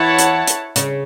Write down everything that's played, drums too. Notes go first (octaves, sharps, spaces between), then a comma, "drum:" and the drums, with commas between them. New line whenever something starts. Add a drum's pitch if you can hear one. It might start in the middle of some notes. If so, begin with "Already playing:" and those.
Already playing: E2 E3 E4 C#5 F#5 A5
drum: hi-hat
drum: hi-hat
C#3, drum: hi-hat